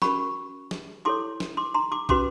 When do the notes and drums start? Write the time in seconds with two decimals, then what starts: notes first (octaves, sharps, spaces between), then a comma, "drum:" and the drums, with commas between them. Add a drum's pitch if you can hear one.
0.02 C#4 F#4 A#4 B5 C#6, drum: snare
0.71 drum: snare
1.05 E4 A4 C#5 C6 D6
1.40 drum: snare
1.57 C6 D6
1.74 A#5 C6
1.92 C6 D6
2.09 C#4 F#4 B4 C6 D6, drum: kick